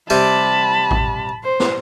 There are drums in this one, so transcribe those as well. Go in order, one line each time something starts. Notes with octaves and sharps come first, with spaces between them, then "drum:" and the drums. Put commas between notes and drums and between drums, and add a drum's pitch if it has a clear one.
C3 G3 G4 A5 B5
drum: kick A1
C5
drum: snare